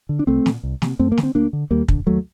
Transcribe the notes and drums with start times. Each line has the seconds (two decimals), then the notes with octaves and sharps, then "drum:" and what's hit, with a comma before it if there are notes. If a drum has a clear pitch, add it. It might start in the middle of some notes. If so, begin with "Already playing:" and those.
0.09 D3
0.19 D4
0.27 C2 A3 C4
0.46 A#2, drum: snare
0.63 C2
0.82 C3, drum: snare
0.99 F#2 A3 C4
1.12 A#3
1.18 D3, drum: snare
1.23 C4
1.35 D2 A#3 D4
1.53 D3
1.71 D#2 G3 A#3
1.88 D3, drum: kick
2.07 D#2 F#3 A3